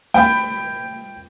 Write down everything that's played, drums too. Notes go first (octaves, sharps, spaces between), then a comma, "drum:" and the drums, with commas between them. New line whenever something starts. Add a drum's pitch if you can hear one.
G5 B5, drum: snare